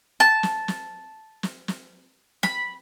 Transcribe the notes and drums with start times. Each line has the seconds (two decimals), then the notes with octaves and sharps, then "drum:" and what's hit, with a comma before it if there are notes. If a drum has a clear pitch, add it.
0.20 A5
0.43 drum: snare
0.68 drum: snare
1.43 drum: snare
1.68 drum: snare
2.43 B5, drum: snare